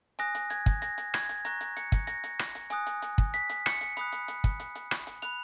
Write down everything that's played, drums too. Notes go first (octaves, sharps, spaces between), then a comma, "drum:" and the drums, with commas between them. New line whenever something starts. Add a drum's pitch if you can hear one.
G#5 D#6 F#6 A#6, drum: hi-hat
drum: hi-hat
G#6, drum: hi-hat
drum: kick, hi-hat
A#6, drum: hi-hat
drum: hi-hat
G#6, drum: rim click
drum: hi-hat
A#5 C#6 F#6 A#6, drum: hi-hat
drum: hi-hat
C#7, drum: hi-hat
drum: kick, hi-hat
A#6, drum: hi-hat
drum: hi-hat
drum: rim click
drum: hi-hat
G#5 D#6 F#6, drum: hi-hat
drum: hi-hat
drum: hi-hat
drum: kick
B6, drum: hi-hat
drum: hi-hat
C#7, drum: rim click
drum: hi-hat
B5 D#6 F#6, drum: hi-hat
drum: hi-hat
drum: hi-hat
drum: kick, hi-hat
drum: hi-hat
drum: hi-hat
drum: rim click
drum: hi-hat
B5 F#6 F7, drum: hi-hat